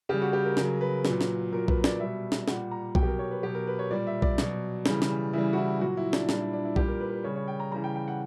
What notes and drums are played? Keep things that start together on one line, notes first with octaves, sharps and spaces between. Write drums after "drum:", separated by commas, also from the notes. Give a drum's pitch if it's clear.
C#3 G3 G4
F#4
G4
A#4
C#3 F#3 A#4, drum: snare
B4
A#2 F#3, drum: snare
drum: snare
A#2 F#3 A#4
B4, drum: kick B1
D5, drum: snare
B2 G3 E5
drum: snare
A#2 G3 F#5, drum: snare
A#5
B2 F#3 G5, drum: kick B1
G4
A#4
C#5
B4
B2 F#3 G4
A#4
B4
C#5
A#2 G3 D5
E5
D5, drum: kick B1
B2 F#3, drum: snare
C#3 E3 G3, drum: snare
drum: snare
C#3 E3 G3 E4
F#4
E4
A#2 F#3 F#4
E4
D4, drum: snare
A#2 G3 D4, drum: snare
E4
D4
E4
A#2 G3 G4, drum: kick B1
A#4
B4
B4
C#3 G3 C#5
C#5
G5
A#5
C#3 E3 G3 A#5
G5
G5
F#5